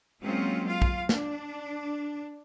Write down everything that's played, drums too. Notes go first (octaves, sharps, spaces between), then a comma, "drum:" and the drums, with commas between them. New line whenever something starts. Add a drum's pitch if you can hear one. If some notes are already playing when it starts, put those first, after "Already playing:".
F#3 G#3 A#3 C4 C#4 F4
F4 F5
drum: kick
D4, drum: snare